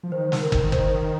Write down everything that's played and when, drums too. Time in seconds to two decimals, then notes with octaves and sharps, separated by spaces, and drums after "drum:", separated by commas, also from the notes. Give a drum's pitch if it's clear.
0.03 F3
0.12 D#3 C5
0.32 drum: snare
0.42 A#4
0.52 drum: kick
0.72 C5, drum: kick